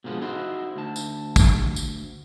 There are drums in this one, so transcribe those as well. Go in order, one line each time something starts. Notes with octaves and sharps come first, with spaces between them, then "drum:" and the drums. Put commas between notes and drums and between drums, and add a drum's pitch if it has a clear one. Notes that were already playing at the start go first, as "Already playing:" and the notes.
B2 D3 F3 G#3 B3
D#4 E4 F#4 C5
D2 A5
drum: tambourine
drum: kick, tambourine
drum: tambourine